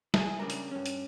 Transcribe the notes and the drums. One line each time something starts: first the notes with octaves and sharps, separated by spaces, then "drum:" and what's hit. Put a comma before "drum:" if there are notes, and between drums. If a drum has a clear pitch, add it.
E4 G#4, drum: snare
C#3 G3 D4 A#4
drum: hi-hat
G2 C#4
drum: hi-hat